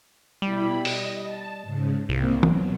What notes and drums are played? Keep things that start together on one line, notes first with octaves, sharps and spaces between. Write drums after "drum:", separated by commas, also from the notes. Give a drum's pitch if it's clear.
B2 G3 E4 B5
D#5, drum: open hi-hat
A5
G#2 C#3
C2 A#3 C4
B2 F#3, drum: tom E3